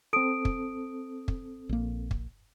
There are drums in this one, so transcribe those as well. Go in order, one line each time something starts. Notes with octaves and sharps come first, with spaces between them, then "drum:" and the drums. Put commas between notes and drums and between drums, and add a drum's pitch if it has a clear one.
C4 A4 D#6 D7
drum: kick
drum: kick
A#1 A#3
drum: kick